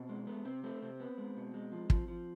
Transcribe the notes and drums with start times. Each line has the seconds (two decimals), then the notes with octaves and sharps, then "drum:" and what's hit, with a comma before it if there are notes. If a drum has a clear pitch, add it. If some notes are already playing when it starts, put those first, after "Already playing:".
Already playing: B2 C4
0.09 G#3
0.27 A3 B3
0.45 C3 C4
0.63 A3 C4
0.82 C3 C4
1.00 B3
1.18 G#3
1.36 B2
1.54 G#3
1.72 F3
1.90 F3, drum: kick
2.08 F3